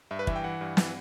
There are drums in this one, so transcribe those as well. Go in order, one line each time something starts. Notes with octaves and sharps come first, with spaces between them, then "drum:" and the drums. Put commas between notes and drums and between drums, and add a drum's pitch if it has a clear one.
G2 E5
B4
E3 E5, drum: kick
G5
E3 F#5
G2
E3, drum: snare